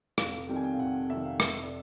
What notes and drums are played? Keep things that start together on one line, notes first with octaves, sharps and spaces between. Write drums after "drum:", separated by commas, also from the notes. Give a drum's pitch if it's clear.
F1 F5, drum: rim click
F2 C3 D#3 G3 G5
G#5
G5
F5
F1 F#5
F2 C3 D#3 G3 E5
F5
F1 E5, drum: rim click
D5